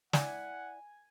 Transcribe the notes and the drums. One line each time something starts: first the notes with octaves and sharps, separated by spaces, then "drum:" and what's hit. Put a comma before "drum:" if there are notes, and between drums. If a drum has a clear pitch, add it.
E4 D5 F#5 G#5, drum: snare